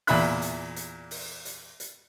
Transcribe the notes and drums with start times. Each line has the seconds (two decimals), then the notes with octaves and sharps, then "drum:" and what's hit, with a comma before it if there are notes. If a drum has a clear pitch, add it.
0.07 E2 A#2 E5 B5 F#6, drum: open hi-hat
0.42 drum: hi-hat
0.76 drum: hi-hat
1.11 drum: open hi-hat
1.45 drum: hi-hat
1.80 drum: hi-hat